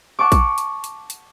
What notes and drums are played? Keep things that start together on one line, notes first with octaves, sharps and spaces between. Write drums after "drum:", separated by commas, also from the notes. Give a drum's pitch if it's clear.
F#5 A5 C#6 D6
drum: kick A#1, hi-hat
drum: hi-hat
drum: hi-hat
drum: hi-hat